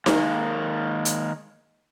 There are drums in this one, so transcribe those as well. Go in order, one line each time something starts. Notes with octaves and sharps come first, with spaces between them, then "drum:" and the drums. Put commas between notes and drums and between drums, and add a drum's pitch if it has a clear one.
D#3 G#3 A#3, drum: snare D#4
drum: hi-hat